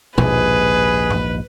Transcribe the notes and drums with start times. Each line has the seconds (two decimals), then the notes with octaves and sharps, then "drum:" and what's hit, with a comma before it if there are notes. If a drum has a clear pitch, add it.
0.18 A#1 D#2 G#2 G#4 B4, drum: tom B2
1.10 drum: tom G2